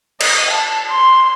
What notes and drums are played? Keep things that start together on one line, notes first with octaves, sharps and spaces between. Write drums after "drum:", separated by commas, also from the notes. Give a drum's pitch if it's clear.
D#5, drum: cymbal
A5
C6